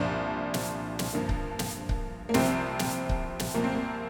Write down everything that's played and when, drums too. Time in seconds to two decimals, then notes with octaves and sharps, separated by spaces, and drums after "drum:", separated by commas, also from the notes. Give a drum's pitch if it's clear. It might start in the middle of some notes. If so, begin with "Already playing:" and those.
Already playing: C2 A#2 F3 D4
0.54 drum: snare
0.99 drum: snare
1.13 G2 D3 F3 A#3
1.29 drum: kick C#1
1.59 drum: snare
1.89 drum: kick C#1
2.29 A#3
2.34 C2 C3 F3 C4, drum: snare
2.79 drum: snare
3.09 drum: kick C#1
3.39 drum: snare
3.54 C2 A#2 F3 A#3
3.64 C4
3.74 A#3